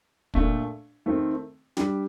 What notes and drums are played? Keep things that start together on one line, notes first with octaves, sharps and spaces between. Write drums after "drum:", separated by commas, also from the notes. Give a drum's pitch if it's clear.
A#2 A3 D4, drum: kick
D#3 A3 C4
G3 D4 G4, drum: snare